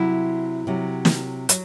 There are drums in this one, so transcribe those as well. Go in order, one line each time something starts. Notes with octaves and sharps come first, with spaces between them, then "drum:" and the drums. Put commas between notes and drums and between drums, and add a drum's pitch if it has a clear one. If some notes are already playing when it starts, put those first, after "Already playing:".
Already playing: C3 F#3 E4
C3 F#3
drum: snare
F#3, drum: hi-hat